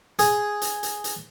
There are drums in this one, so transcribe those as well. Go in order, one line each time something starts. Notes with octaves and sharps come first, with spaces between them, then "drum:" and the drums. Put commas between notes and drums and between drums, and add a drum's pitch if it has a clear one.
G#4, drum: hi-hat
drum: hi-hat
drum: hi-hat
drum: hi-hat